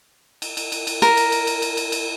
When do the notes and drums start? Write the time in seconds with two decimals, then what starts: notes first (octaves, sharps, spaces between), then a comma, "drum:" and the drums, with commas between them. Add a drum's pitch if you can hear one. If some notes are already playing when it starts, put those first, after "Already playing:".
0.42 drum: cymbal
0.57 drum: cymbal
0.72 drum: cymbal
0.87 drum: cymbal
1.02 A#4, drum: cymbal
1.17 drum: cymbal
1.32 drum: cymbal
1.47 drum: cymbal
1.62 drum: cymbal
1.77 drum: cymbal
1.92 drum: cymbal